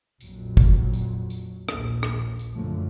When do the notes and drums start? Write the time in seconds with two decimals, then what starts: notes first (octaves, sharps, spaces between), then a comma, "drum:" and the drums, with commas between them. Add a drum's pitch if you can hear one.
0.21 A#1 F2 F#3, drum: tambourine
0.57 drum: kick, tambourine
0.94 drum: tambourine
1.30 drum: tambourine
1.69 A#1 D#2, drum: rim click
2.03 drum: rim click
2.39 drum: tambourine
2.54 F#2 D3 F3 F#3 A3